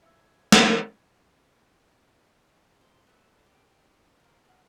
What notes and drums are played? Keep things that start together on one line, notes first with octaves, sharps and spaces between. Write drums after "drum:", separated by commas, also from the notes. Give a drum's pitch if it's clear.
B1 E4 E5 F5 G#5 E6 C#7
drum: snare
C5
B3 A4
G4
F3 A#3
A#2 F#5